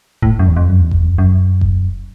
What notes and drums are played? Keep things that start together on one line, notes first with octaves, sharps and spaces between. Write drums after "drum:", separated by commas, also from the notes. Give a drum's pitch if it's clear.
A2, drum: kick F1
F#2
E2
F2
F#2
E2
F2, drum: kick F1
E2
F2
F#2
drum: kick F1